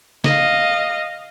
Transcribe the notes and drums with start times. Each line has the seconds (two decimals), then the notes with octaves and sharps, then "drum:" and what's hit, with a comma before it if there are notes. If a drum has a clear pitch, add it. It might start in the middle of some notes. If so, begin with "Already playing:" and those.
0.24 D#5 F5, drum: snare